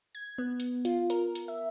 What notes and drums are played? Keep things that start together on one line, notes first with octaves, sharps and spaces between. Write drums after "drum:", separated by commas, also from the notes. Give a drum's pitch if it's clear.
G#6
B3
drum: hi-hat
F4, drum: hi-hat
A#4, drum: hi-hat
drum: hi-hat
E5